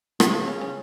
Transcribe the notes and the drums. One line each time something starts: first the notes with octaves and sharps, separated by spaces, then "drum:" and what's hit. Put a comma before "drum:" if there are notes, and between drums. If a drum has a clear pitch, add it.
C#3 A3, drum: rim click
A#3
C#4
C#4